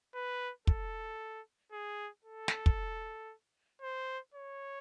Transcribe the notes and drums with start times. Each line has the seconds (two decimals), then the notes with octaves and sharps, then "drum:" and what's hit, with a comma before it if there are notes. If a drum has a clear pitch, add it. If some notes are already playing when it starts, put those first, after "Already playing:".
0.15 B4
0.67 A4, drum: kick
1.72 G#4
2.24 A4
2.48 drum: snare
2.66 drum: kick
3.82 C5
4.34 C#5